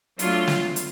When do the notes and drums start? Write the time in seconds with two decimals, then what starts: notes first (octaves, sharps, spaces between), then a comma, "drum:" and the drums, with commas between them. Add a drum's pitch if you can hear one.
0.19 F#3 A3 D4 F4, drum: hi-hat
0.48 drum: snare
0.76 drum: hi-hat